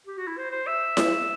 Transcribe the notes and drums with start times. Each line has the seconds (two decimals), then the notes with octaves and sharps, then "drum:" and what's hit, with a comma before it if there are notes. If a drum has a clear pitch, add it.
0.07 G4
0.17 F#4
0.27 E4
0.37 C5
0.51 C5
0.67 E5
0.97 drum: snare E4